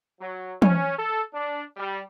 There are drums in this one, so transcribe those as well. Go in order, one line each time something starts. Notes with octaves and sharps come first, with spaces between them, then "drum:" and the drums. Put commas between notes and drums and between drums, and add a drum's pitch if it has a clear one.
F#3
C#4, drum: tom
A4
D4
G3